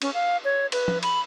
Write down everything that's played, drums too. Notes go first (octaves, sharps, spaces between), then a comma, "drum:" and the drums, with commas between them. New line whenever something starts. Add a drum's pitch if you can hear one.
C#4, drum: cymbal
F5
C#5
B4, drum: cymbal
drum: tom
B5, drum: cymbal